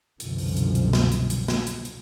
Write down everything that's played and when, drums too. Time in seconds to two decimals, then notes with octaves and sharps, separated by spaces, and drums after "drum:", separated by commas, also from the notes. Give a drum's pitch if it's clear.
0.20 C2 F#2 B2 D3 F3, drum: hi-hat
0.38 drum: open hi-hat
0.57 drum: hi-hat
0.75 drum: hi-hat
0.93 drum: snare
1.12 drum: hi-hat
1.30 drum: hi-hat
1.48 drum: snare
1.67 drum: hi-hat
1.85 drum: hi-hat